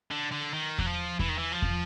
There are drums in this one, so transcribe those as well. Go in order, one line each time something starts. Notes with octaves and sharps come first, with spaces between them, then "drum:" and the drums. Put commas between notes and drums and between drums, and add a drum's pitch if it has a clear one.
D3
D3
D#3
F#3, drum: kick E2
F3
E3, drum: kick E2
D#3
E3
F3
drum: kick E2